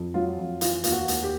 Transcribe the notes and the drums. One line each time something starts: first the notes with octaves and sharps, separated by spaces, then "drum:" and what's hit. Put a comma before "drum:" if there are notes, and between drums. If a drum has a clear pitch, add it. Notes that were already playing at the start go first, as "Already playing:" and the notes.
Already playing: F2
F#3 F4
F2
E3 F4, drum: hi-hat
D#2 F4, drum: hi-hat
F#4
D#2, drum: hi-hat
G4